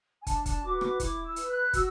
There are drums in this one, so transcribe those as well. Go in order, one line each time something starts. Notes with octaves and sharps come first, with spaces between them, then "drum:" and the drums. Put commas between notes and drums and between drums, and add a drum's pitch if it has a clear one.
G#5
D4 A5, drum: kick, hi-hat
A5, drum: kick, hi-hat
F#4 B4 D6
D6, drum: rim click
E4 D6, drum: kick, hi-hat
E6
B4, drum: hi-hat
F#6
F#4 E6, drum: kick, hi-hat